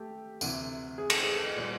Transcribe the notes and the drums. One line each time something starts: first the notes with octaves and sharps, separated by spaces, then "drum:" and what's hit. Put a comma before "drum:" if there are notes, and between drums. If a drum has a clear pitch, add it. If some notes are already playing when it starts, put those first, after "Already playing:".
Already playing: A3 G4 A4
D2 C3 E3, drum: tambourine
G#4
A4, drum: cymbal
G#4
A4
G#4
A#2 G3